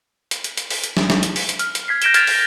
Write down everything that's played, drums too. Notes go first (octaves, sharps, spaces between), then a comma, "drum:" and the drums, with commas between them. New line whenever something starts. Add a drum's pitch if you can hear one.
drum: hi-hat
drum: hi-hat
drum: hi-hat
drum: open hi-hat
drum: hi-hat
drum: snare
drum: snare
drum: hi-hat
drum: open hi-hat
drum: hi-hat
F6, drum: hi-hat
drum: hi-hat
F6 G#6 B6 C7
G6 A#6 D7 E7 G7, drum: hi-hat
F6 G#6 A6 B6 D7 F7, drum: hi-hat
drum: open hi-hat